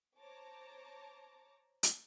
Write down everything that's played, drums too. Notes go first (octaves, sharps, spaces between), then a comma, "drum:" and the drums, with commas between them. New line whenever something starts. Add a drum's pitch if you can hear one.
C5 C#5 A5 A#5 D6
drum: hi-hat